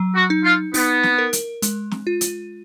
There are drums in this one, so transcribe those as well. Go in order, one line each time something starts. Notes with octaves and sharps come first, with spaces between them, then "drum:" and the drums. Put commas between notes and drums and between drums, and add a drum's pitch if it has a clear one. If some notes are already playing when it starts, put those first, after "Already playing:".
Already playing: F#3
F#4
D#4
F4
B3 D#4, drum: open hi-hat
drum: snare
A#4
drum: hi-hat
G#3, drum: hi-hat
drum: snare
F4
drum: hi-hat